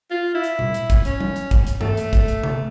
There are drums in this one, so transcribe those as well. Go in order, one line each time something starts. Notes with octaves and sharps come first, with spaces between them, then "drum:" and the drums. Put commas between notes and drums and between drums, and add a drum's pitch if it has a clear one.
F4
E4
drum: hi-hat
drum: tom A#2
drum: hi-hat
drum: kick, hi-hat
C#4, drum: hi-hat
drum: tom F#3
drum: hi-hat
drum: kick, hi-hat
drum: hi-hat
A3, drum: tom G2
drum: hi-hat
drum: kick, hi-hat
drum: hi-hat
drum: tom C3